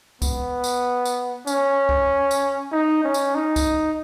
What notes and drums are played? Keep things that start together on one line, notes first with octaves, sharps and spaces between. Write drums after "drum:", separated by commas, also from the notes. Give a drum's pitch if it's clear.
B3, drum: kick C2, tambourine
drum: tambourine
drum: tambourine
C#4, drum: tambourine
drum: kick C2
drum: tambourine
D#4
C#4
drum: tambourine
D#4
drum: kick C2, tambourine